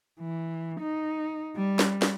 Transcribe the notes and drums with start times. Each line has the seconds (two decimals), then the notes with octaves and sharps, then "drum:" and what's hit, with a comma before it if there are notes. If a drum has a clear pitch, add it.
0.20 E3
0.81 D#4
1.56 G3
1.79 drum: snare
2.02 drum: snare